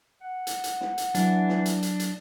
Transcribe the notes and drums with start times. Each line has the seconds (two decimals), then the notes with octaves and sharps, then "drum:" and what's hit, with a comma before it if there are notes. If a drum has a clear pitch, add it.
0.21 F#5
0.47 drum: hi-hat
0.64 drum: hi-hat
0.81 drum: snare
0.98 drum: hi-hat
1.15 E3 F#3 D4, drum: hi-hat
1.49 drum: snare
1.66 drum: hi-hat
1.83 drum: hi-hat
2.00 drum: hi-hat